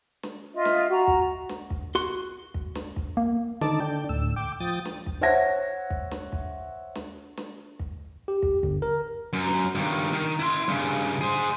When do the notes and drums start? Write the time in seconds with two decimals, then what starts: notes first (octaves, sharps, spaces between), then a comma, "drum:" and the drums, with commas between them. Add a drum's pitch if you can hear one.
0.23 drum: snare
0.55 F4 D#5 E5
0.65 drum: snare
0.90 F#4 A#5
1.07 drum: kick
1.49 drum: snare
1.70 drum: kick
1.95 F#4 C6
2.54 drum: kick
2.75 drum: snare
2.96 drum: kick
3.17 A#3
3.61 D3 D#3 D#4 A4 A5 D6, drum: snare
3.80 D3 D4 G5
4.09 D2 A2 E6
4.36 G5 D6
4.60 F3 G5 D#6 A6
4.85 drum: snare
5.06 drum: kick
5.21 C5 C#5 E5 F#5 G#6 A#6
5.90 drum: kick
6.11 drum: snare
6.32 drum: kick
6.95 drum: snare
7.37 drum: snare
7.79 drum: kick
8.28 G4
8.42 drum: kick
8.63 G1, drum: kick
8.82 A#4
9.33 F#2
9.47 drum: snare
9.75 G2 D#3
10.13 D#3
10.40 E4 C6
10.68 G2 C#3
11.21 G#4 C5